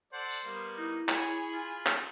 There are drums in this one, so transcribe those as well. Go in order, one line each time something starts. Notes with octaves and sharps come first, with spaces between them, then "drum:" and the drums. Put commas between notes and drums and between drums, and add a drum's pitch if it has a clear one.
A4 C5 D5 F#5
drum: tambourine
G3 A#3 B3
D#4 E4
G#4 C#5 G#5 B5, drum: clap
F4
drum: clap